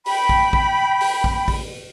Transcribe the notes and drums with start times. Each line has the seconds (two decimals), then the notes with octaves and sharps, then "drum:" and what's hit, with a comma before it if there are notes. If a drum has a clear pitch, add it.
0.06 G5 B5, drum: open hi-hat
0.29 drum: kick
0.53 drum: kick
1.00 drum: open hi-hat
1.24 drum: kick
1.48 drum: kick, open hi-hat